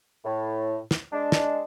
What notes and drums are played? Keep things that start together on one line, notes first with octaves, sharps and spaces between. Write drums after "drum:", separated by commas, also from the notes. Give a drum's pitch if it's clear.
A2
drum: snare
G#3 D4
drum: snare